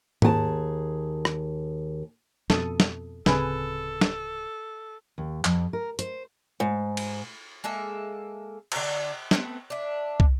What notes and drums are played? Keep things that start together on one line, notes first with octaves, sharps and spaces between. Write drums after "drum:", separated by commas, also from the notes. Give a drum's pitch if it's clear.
D#2 G#4 G#5 A5, drum: tom G#2
drum: rim click
F2 B2 A4 D#6, drum: snare
drum: snare
D1 C#3 C4 G#4 A4 B4 G#5, drum: snare
drum: snare
D#2
F2, drum: clap
A#4
C5, drum: hi-hat
G#2
drum: cymbal
G#3 A#3 A4 E5
D3 F#4, drum: cymbal
A3 B3 C4, drum: snare
D4 E5
drum: kick